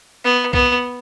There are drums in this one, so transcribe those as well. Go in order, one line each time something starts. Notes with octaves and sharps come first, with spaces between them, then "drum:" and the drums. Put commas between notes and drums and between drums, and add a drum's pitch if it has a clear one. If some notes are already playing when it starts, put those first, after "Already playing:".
B3
B3, drum: kick B1